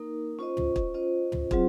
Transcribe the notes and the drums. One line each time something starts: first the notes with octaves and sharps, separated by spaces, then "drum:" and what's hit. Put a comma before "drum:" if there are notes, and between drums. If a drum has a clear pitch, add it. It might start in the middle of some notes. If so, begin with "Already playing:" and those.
Already playing: A#3 D#4 A#4
C#4 F4 C5 D#5
drum: tom
drum: kick
C#4 F4 C5 D#5
drum: tom
F#3 C4 F4 G#4 C5, drum: kick